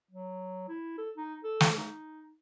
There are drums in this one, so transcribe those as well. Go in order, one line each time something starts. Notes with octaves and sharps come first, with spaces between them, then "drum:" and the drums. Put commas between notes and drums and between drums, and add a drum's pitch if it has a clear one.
F#3
E4
A4
D#4
A4
drum: snare
D#4